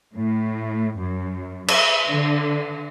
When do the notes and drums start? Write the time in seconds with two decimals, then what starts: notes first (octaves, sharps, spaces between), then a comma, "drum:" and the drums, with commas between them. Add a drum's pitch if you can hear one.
0.16 A2
0.98 F#2
1.68 E5, drum: cymbal
2.08 D3